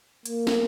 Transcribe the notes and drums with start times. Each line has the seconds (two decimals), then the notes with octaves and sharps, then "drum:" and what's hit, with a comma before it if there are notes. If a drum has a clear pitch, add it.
0.26 A#3, drum: hi-hat
0.47 drum: snare